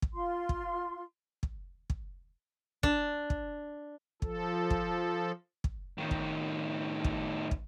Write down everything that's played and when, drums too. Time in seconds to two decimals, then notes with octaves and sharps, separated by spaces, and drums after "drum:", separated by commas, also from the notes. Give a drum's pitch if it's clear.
0.02 drum: kick
0.14 F4 C6
0.49 drum: kick
1.43 drum: kick
1.90 drum: kick
2.83 D4, drum: kick
3.30 drum: kick
4.22 F3 A4, drum: kick
4.70 drum: kick
5.64 drum: kick
5.98 A2 D#3
6.11 drum: kick
7.04 drum: kick
7.51 drum: kick